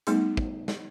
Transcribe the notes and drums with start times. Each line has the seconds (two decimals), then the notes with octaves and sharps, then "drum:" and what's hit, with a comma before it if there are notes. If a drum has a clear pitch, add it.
0.07 G3 A3 B3 D#4 G#4, drum: hi-hat
0.37 drum: kick
0.68 drum: snare